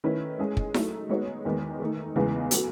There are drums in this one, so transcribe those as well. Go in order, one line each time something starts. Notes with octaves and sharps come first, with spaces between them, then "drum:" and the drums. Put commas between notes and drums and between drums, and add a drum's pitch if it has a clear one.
D#3 A3 C#4 E4 B4
G#3 C#4 G#4
drum: kick
F#3 A3 D#4 A4, drum: snare E4
G#3 B3 D#4 F#4 C#5
E2 D#3 G#3 B3
D#3 A3 D#4
E2 C#3 E3 G#3 B3
F#3 B3 F#4 A4, drum: hi-hat